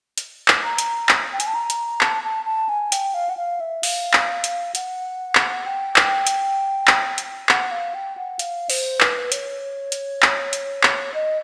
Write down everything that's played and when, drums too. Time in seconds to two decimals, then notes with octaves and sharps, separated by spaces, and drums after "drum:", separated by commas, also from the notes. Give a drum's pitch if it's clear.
0.18 drum: hi-hat
0.48 drum: clap
0.64 A#5
0.78 drum: hi-hat
1.09 drum: clap
1.33 G5
1.40 G#5, drum: hi-hat
1.47 A5
1.55 A#5
1.70 drum: hi-hat
2.01 A5, drum: clap
2.24 A5
2.46 A5
2.69 G#5
2.92 G5, drum: hi-hat
3.14 F5
3.29 F#5
3.37 F5
3.60 E5
3.83 F5, drum: open hi-hat
4.13 drum: clap
4.44 drum: hi-hat
4.75 F#5, drum: hi-hat
5.35 drum: clap
5.66 G5
5.96 drum: clap
6.27 drum: hi-hat
6.87 drum: clap
7.18 drum: hi-hat
7.49 F#5, drum: clap
7.71 F5
7.95 G5
8.17 F#5
8.39 F5, drum: hi-hat
8.70 C5, drum: open hi-hat
9.00 B4, drum: clap
9.32 C#5, drum: hi-hat
9.92 drum: hi-hat
10.22 drum: clap
10.53 drum: hi-hat
10.83 drum: clap
11.14 D#5